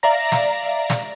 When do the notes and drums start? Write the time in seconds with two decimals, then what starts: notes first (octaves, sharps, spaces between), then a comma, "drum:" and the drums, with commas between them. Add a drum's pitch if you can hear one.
0.03 D5 E5 F5 A#5 A#6
0.32 drum: snare
0.90 drum: snare